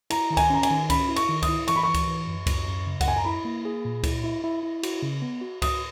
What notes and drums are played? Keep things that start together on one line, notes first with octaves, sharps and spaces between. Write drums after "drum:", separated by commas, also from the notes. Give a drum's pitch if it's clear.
E4 A#5, drum: cymbal
D#3 A#5
G#5, drum: kick C#2, cymbal
C#4 A#5
G#5, drum: cymbal
D#3
C#4 B5, drum: kick C#2, cymbal
E4
C#6, drum: cymbal
D#3
D#6, drum: kick C#2, cymbal
E4
E3 C#6, drum: cymbal
B5
E3 C#6
drum: kick C#2, cymbal
E3
F#2
F#2, drum: kick C#2, cymbal
F#2
C#3
F#5, drum: kick C#2, cymbal
F#2 G#5
A#5
E4 B5
A#3
G#4
A#2
E4, drum: kick C#2, cymbal
E4
E4
E4
F#4, drum: cymbal
C#3
B3
F#4
F#4 D#6, drum: kick C#2, cymbal